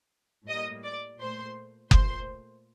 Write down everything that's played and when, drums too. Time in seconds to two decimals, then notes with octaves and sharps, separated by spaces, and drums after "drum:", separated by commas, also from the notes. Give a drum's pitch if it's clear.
0.48 A2 G3 A#3 D#5 D#6
0.84 D5 D6
1.20 A#2 A3 C5 C6
1.91 A#2 A3 C5 C6, drum: kick F#1